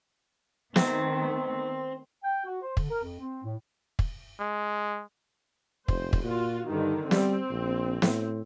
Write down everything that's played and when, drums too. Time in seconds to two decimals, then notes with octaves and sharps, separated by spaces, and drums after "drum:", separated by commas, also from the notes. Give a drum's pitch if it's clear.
0.76 D#3 A3 B3 C4, drum: snare
2.23 G5
2.44 F#4
2.62 C5
2.77 D3, drum: kick
2.90 A#4
3.03 F2
3.20 C4
3.44 A2
3.99 drum: kick
4.40 G#3
5.88 F1 C5, drum: kick
6.13 drum: kick
6.24 A#2 F4 F#4
6.70 G2 D3 D#3
7.11 G3 C4, drum: snare
7.50 A#1
8.02 A2, drum: snare